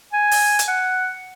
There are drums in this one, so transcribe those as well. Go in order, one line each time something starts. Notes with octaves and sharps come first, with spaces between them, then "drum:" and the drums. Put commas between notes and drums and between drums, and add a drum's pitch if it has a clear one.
G#5
drum: open hi-hat
drum: hi-hat
F#5